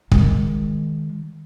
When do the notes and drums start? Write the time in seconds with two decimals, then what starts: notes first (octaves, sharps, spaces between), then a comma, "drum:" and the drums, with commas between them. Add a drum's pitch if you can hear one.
0.12 D#3 G#3, drum: kick